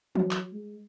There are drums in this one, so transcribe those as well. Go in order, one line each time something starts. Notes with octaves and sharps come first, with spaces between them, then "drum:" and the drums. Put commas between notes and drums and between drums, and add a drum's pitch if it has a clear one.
F#3, drum: tom E3
drum: clap
G#3